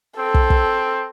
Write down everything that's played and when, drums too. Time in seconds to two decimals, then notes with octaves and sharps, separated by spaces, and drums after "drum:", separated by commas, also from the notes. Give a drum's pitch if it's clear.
0.19 C4 A4
0.34 drum: kick
0.50 drum: kick